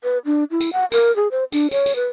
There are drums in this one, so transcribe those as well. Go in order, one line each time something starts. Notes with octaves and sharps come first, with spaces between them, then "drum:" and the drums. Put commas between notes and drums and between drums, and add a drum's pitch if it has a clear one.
B4
D4
E4
drum: tambourine
F#5
A#4, drum: tambourine
G#4
C5
D4, drum: tambourine
C#5, drum: tambourine
drum: tambourine
B4